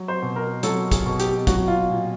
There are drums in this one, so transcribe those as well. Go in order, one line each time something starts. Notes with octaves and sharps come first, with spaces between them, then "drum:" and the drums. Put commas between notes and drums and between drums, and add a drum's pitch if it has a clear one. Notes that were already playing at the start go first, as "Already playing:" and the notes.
Already playing: F#3
C5
B2
A#4
F#3 A4, drum: hi-hat
G#4, drum: kick, hi-hat
B2
G4, drum: hi-hat
F#3 F#4, drum: kick, hi-hat
F4
A#2